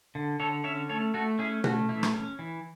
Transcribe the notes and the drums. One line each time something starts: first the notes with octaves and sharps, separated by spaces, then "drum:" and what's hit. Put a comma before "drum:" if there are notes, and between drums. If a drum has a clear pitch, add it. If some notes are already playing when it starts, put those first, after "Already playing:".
D3
D3 A4 C#5
C#4 C#5 E5
A3 A4 C#5
A3 F#4 A4
C#4 E4 G#4
A3 F#4, drum: tom B2
E3 E4
drum: rim click
C#4
E3